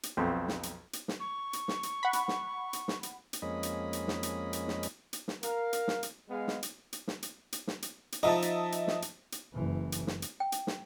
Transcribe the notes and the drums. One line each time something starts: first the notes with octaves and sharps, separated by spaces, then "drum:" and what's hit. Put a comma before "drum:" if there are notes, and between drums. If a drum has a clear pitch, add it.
drum: hi-hat
B1 F2 C4
drum: snare
drum: hi-hat
drum: hi-hat
drum: snare
C#6
drum: hi-hat
drum: snare
drum: hi-hat
F#5 B5
drum: hi-hat
drum: snare
drum: hi-hat
drum: snare
drum: hi-hat
drum: hi-hat
F2 G#3 A#3 C#4 D#5 B5
drum: hi-hat
drum: hi-hat
drum: snare
drum: hi-hat
drum: hi-hat
drum: snare
drum: hi-hat
drum: hi-hat
drum: snare
A#4 F5, drum: hi-hat
drum: hi-hat
drum: snare
drum: hi-hat
G#3 B3 F5
drum: snare
drum: hi-hat
drum: hi-hat
drum: snare
drum: hi-hat
drum: hi-hat
drum: snare
drum: hi-hat
drum: hi-hat
F3 D#4 D#5 E5 A5
drum: hi-hat
drum: hi-hat
drum: snare
drum: hi-hat
drum: hi-hat
F#1 E3
drum: hi-hat
drum: snare
drum: hi-hat
G5
drum: hi-hat
drum: snare